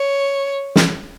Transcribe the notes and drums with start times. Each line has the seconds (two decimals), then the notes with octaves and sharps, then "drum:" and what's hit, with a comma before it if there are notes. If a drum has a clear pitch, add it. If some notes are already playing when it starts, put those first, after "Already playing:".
Already playing: C#5
0.76 drum: snare